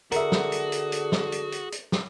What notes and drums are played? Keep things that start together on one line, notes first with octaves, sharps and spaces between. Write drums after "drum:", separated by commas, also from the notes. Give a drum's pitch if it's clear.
D3 F#4 G#4 A#4 E5, drum: hi-hat
drum: snare
drum: hi-hat
drum: hi-hat
drum: hi-hat
drum: snare
drum: hi-hat
drum: hi-hat
drum: hi-hat
drum: snare